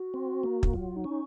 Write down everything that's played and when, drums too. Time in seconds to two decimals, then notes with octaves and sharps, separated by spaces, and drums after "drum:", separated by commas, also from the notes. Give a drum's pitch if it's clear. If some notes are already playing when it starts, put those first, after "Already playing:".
Already playing: F#4
0.14 C4
0.43 A#3
0.63 drum: kick
0.74 F#3 F4
0.96 D#4
1.04 C#4
1.11 D#4